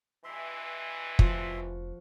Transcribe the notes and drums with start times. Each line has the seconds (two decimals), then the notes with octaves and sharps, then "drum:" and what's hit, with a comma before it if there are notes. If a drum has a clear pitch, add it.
0.24 G2 B2 E3 E5 C6
1.19 F1 F3 F#4, drum: kick